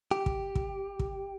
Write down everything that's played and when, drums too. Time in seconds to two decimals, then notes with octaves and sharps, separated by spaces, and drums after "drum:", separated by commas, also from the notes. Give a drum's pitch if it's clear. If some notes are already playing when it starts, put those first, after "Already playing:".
0.11 G4
0.26 drum: kick
0.55 drum: kick
0.99 drum: kick